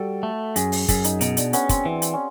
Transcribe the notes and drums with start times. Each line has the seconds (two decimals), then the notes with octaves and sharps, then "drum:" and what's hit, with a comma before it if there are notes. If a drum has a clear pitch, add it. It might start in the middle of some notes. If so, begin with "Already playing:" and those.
Already playing: G3 F#4 A4
0.23 A3
0.56 F#2 G#4, drum: hi-hat
0.72 drum: open hi-hat
0.88 F#2 G#4, drum: kick, hi-hat
1.04 D#4, drum: hi-hat
1.21 B2 D#4, drum: hi-hat
1.37 D4, drum: hi-hat
1.53 B3 C#4, drum: hi-hat
1.69 C4, drum: kick, hi-hat
1.85 E3
2.02 drum: hi-hat
2.13 C#4